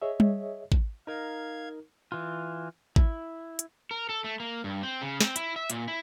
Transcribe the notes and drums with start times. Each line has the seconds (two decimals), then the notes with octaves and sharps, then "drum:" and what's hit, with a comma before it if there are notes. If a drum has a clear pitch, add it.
0.02 G#4 C#5 D#5 E5
0.20 drum: tom G3
0.72 drum: kick
1.07 D#4 A#4 F5 G#6
2.12 E3 F4
2.96 E4, drum: kick
3.59 drum: hi-hat
3.91 A#4
4.09 A4
4.24 A3
4.40 A#3
4.64 G2
4.83 C4
5.01 C#3
5.20 C4, drum: snare
5.36 E4, drum: hi-hat
5.56 E5
5.70 A#2, drum: hi-hat
5.88 E4